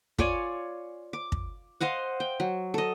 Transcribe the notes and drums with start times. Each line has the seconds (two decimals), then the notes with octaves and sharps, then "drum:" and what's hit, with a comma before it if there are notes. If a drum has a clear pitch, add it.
0.18 F4 C#5 D5 G#5, drum: kick
1.13 D6
1.32 drum: kick
1.81 C5 D#5 F5 F#5
2.20 G5
2.40 F#3
2.74 A4 D#5